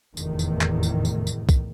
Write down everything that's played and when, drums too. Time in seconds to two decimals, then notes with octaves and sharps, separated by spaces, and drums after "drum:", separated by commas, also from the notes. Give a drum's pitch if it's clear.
0.17 F1 E2 A2 D#3, drum: tambourine
0.39 drum: tambourine
0.61 drum: clap
0.83 drum: tambourine
1.05 drum: tambourine
1.27 drum: tambourine
1.49 drum: kick, tambourine